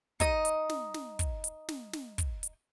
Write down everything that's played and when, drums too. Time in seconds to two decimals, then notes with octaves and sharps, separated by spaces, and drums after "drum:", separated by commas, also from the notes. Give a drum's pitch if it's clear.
0.20 D#4 D#5, drum: kick, hi-hat
0.45 drum: hi-hat
0.70 drum: snare
0.94 drum: snare
1.19 drum: kick, hi-hat
1.44 drum: hi-hat
1.69 drum: snare
1.93 drum: snare
2.18 drum: kick, hi-hat
2.43 drum: hi-hat